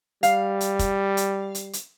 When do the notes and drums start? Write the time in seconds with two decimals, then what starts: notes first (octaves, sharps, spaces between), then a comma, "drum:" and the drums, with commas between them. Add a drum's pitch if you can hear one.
0.23 G3 F5, drum: hi-hat
0.61 drum: hi-hat
0.79 drum: kick, hi-hat
1.17 drum: hi-hat
1.55 drum: hi-hat
1.73 drum: hi-hat